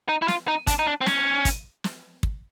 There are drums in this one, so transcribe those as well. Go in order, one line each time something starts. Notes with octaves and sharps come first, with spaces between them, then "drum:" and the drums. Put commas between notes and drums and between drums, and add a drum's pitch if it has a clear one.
D#4
E4
F4, drum: snare
D#4
D4, drum: kick, hi-hat
D#4
D4
C4
C#4, drum: snare
drum: kick, hi-hat
drum: snare
drum: kick